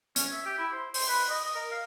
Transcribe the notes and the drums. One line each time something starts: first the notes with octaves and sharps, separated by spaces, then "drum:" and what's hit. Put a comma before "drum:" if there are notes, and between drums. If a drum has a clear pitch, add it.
C#4, drum: hi-hat
E5
G4
E4
C5
C5, drum: open hi-hat
B4
D#5
D#5
A#4
F5